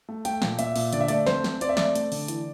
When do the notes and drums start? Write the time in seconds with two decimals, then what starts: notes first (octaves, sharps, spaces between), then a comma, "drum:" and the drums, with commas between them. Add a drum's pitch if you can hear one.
0.09 A3
0.25 A3 G5, drum: hi-hat
0.42 A#2, drum: snare
0.59 A#2 E5, drum: hi-hat
0.76 A#2, drum: open hi-hat
0.93 D3 D5, drum: hi-hat
1.00 E5
1.08 A3 D5, drum: hi-hat
1.26 C4 C5, drum: snare
1.44 C4, drum: snare
1.61 C4 D5, drum: hi-hat
1.69 E5
1.77 A3 D5, drum: snare
1.96 A3, drum: hi-hat
2.12 D3, drum: open hi-hat
2.28 E3, drum: hi-hat